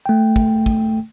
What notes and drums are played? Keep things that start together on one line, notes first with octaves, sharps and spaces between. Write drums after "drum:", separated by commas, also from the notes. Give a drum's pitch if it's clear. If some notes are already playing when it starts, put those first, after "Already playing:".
A3 G5
drum: kick
drum: kick